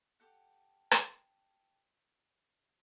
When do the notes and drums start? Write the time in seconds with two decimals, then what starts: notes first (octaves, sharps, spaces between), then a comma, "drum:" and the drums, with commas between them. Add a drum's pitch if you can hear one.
0.20 G4 A4 F#5
0.91 drum: rim click